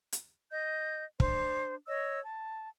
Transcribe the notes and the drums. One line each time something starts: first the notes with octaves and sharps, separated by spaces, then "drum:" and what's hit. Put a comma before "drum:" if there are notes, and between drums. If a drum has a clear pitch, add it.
drum: hi-hat
D#5 G6
D4 C5, drum: kick
C#5 D#5 E6
A5